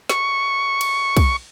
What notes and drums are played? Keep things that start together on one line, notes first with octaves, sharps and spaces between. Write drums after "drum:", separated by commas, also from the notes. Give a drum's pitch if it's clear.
C#6, drum: snare
drum: cymbal
drum: kick, cymbal